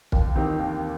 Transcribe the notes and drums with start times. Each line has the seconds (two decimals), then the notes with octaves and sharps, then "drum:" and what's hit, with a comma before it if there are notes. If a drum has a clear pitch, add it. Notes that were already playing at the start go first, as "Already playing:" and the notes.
0.12 D#2, drum: kick
0.36 D#3 C4 D#4 G4
0.59 D#2